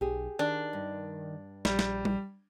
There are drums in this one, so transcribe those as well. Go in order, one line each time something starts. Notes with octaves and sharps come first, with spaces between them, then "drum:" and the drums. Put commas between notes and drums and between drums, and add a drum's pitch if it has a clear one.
B1 G4 G#4
D#3 D4
G2
A#1 G3, drum: snare
drum: snare
drum: tom G3